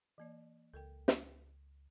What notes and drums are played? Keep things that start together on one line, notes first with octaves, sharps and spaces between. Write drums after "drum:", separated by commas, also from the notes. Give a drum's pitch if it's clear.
E3 A#3 D5
C#2 A4 A#4 G5
drum: snare